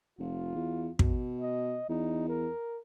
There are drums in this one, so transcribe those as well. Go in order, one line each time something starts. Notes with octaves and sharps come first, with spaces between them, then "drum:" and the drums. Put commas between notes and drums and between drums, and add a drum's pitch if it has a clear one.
F1 F4
E2
B2, drum: kick
D#5
E2 D#4
A#4